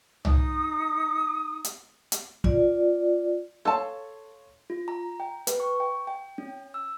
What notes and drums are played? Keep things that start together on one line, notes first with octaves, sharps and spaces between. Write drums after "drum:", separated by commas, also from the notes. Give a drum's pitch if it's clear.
D#4 D#6, drum: tom C2
drum: hi-hat
drum: hi-hat
F4 D5, drum: kick
A4 C#5 F5 A5 C6
F4
A#5
G5
B4, drum: hi-hat
C#6
G5
G5
C#4
E6